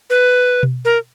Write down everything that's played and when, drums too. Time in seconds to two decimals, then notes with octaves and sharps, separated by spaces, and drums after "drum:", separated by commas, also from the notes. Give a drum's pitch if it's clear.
0.10 B4
0.63 drum: tom B2
0.85 A#4